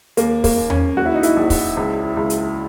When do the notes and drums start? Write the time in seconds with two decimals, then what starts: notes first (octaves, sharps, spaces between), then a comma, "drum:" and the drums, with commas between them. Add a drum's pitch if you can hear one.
0.17 D#2 A#3, drum: hi-hat
0.44 A#3, drum: kick, open hi-hat
0.57 D#2
0.70 C#4, drum: tom E2
0.97 A#1 F#4
1.06 E4
1.14 D#4
1.23 E4, drum: hi-hat
1.37 A#1
1.50 drum: kick, open hi-hat
1.77 C#2
2.17 C#2
2.30 drum: hi-hat